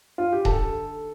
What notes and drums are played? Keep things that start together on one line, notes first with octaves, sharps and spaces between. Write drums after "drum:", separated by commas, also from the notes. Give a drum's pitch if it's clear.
F4
G4
D3 A3 D#4 A4, drum: kick D#1